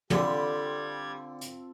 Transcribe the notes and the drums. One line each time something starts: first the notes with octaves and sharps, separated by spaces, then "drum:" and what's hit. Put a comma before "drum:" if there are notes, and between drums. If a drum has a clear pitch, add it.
D3 G3 C4 F4 A4 B5 C6 G#6, drum: tom
drum: hi-hat